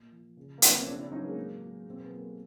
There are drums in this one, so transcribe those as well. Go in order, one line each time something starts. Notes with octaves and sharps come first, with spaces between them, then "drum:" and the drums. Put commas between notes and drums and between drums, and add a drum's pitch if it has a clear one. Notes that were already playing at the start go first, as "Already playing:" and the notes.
Already playing: A#2
F3
C#3
A#3
F3 B3, drum: hi-hat
C4
C#4
C#3 C4 D4
D4 E4
F#3 C#4 D#4
G#3 A#3
A2
F#3
B2 C4
B3
F#3 A#3
A3